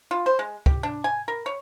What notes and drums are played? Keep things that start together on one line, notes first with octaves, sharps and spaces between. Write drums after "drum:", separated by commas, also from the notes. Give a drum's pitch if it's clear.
F4
C5
G#3
G4, drum: kick
D4
G#5
A#4
C#5